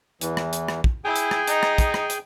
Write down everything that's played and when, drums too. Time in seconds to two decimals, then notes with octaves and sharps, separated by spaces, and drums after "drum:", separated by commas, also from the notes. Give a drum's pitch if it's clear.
0.21 E2 E3, drum: hi-hat
0.37 drum: rim click
0.53 drum: hi-hat
0.68 drum: rim click
0.84 drum: kick
1.05 E4 G#4 G5 G#5
1.16 drum: hi-hat
1.31 drum: rim click
1.48 D#4, drum: hi-hat
1.63 drum: rim click
1.78 drum: kick, hi-hat
1.94 drum: rim click
2.10 drum: hi-hat